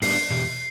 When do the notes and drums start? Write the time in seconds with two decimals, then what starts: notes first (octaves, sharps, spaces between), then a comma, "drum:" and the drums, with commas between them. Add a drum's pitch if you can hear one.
0.02 A2 G3 B3 D4 C7, drum: open hi-hat
0.30 E2 B2 G4 C7